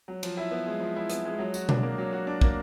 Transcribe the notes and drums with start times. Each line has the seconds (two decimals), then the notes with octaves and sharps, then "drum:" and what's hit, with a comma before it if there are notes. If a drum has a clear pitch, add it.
0.08 F#3
0.23 F3, drum: cymbal
0.37 E4
0.51 B3
0.66 G#3
0.80 F3
0.96 E4
1.10 B3, drum: hi-hat
1.25 G#3
1.39 F#3
1.54 F#4, drum: tambourine
1.69 D4, drum: tom B2
1.83 A#3
1.98 F#3
2.13 F#4
2.27 D4
2.41 A#3, drum: kick